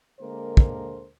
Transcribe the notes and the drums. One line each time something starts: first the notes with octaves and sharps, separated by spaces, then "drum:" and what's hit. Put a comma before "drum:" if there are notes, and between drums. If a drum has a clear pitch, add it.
D3 G#3 A#3 A#4 C5
drum: kick